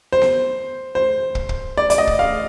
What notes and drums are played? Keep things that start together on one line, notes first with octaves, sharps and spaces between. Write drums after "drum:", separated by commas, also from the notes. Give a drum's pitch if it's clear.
C5
drum: snare B3
C5
drum: kick
drum: kick
D5
D5, drum: hi-hat
D#5
drum: kick
F5